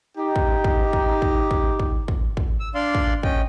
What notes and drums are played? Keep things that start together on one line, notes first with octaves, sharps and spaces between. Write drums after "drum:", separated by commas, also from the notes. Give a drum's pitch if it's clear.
D#4 G4
drum: kick
drum: kick
drum: kick
drum: kick
drum: kick
drum: kick
drum: kick
drum: kick
E6
D4 D5 F5 C6
drum: kick
C#4 D#5 G5, drum: kick